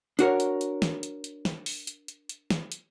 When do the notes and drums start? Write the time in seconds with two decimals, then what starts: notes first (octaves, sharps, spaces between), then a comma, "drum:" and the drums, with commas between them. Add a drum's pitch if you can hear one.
0.19 D4 F#4 A#4 C#5, drum: hi-hat
0.40 drum: hi-hat
0.61 drum: hi-hat
0.82 drum: snare
1.03 drum: hi-hat
1.24 drum: hi-hat
1.45 drum: snare
1.66 drum: open hi-hat
1.87 drum: hi-hat
2.08 drum: hi-hat
2.29 drum: hi-hat
2.50 drum: snare
2.72 drum: hi-hat